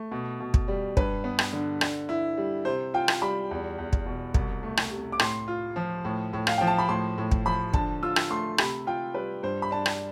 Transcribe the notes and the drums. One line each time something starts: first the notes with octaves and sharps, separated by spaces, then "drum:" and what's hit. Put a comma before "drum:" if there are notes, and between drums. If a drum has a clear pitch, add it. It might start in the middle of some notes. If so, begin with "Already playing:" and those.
Already playing: A3
B2
B2
drum: kick
G3
G2 B4, drum: kick
B3
drum: rim click
D3
D3, drum: rim click
E4
G3
C3 C5
F4 G5
drum: rim click
G3 B5
E2
E2
drum: kick
B2
C2, drum: kick
A3
drum: rim click
C3
D6
A2 C6, drum: rim click
F4
F3
A2
A2
F5, drum: rim click
F3 G5
A5
B5
A2 C6
A2
drum: kick
F3 B5
D3 A5, drum: kick
F4 E6
drum: rim click
A3 C6
C3 B5, drum: rim click
F4 G5
G3 B4
G2 C5
B5
D4 A5
drum: rim click